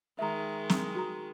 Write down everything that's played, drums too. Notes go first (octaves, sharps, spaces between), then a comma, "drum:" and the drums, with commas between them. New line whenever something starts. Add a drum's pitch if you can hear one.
D#3 G#3 E5 A#5
drum: snare
F#4 A#5